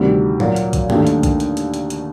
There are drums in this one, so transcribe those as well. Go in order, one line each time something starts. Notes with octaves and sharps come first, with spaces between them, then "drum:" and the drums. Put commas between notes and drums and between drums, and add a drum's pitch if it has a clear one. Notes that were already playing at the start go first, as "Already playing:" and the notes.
Already playing: D2 C3 D#3 G3
A#2 F#3 A#3, drum: tom G#2
drum: hi-hat
drum: kick, hi-hat
D#2 D3 A3 D#4, drum: tom
drum: hi-hat
drum: kick, hi-hat
drum: hi-hat
drum: hi-hat
drum: hi-hat
drum: hi-hat